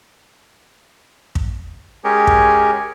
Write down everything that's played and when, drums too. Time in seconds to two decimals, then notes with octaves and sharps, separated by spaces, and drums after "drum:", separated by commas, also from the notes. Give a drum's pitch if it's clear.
1.35 drum: kick
2.04 G#3 C#4 G4 G#4 A#4 C#5
2.27 drum: kick